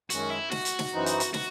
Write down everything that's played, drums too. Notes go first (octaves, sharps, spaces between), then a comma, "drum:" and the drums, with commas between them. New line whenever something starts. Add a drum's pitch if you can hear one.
F#2 D#3 G#3 C#4 F#4, drum: hi-hat
E4
F#4, drum: snare
drum: hi-hat
drum: snare
F#2 E3 C4 D#4
drum: hi-hat
drum: hi-hat
F#4, drum: snare